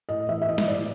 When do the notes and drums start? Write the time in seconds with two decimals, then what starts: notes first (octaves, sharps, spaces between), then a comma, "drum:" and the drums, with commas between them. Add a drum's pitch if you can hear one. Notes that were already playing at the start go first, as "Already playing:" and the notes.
0.09 A2 D#5
0.28 E3 E5
0.41 E5
0.48 E3 D#5
0.58 drum: snare
0.68 A2 D5